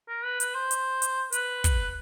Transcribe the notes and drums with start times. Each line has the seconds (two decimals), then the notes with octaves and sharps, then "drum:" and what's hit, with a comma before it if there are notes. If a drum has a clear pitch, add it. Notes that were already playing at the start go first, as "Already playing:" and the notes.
0.08 A#4
0.24 B4
0.40 B4, drum: hi-hat
0.54 C5
0.71 drum: hi-hat
1.02 drum: hi-hat
1.32 B4, drum: hi-hat
1.64 drum: kick, hi-hat